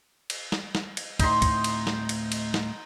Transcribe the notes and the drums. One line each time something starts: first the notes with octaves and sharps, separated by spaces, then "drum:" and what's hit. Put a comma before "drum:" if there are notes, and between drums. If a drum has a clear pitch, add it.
drum: cymbal
drum: snare
drum: snare
drum: cymbal
D2 A2 C4 D#4 C6, drum: kick, cymbal
drum: kick, cymbal
drum: cymbal
drum: snare
drum: cymbal
drum: cymbal
drum: snare